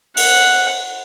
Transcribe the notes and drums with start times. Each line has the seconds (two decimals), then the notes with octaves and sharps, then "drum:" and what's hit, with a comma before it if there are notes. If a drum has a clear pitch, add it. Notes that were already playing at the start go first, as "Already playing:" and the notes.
0.17 F#5, drum: open hi-hat